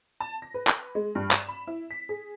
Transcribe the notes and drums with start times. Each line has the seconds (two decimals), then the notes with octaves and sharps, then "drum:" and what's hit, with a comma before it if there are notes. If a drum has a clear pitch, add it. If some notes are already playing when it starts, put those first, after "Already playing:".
0.20 A5
0.42 A#6
0.54 B4
0.67 drum: clap
0.95 G#3
1.15 G2
1.31 E7, drum: clap
1.48 B5
1.67 E4
1.91 B6
2.09 G#4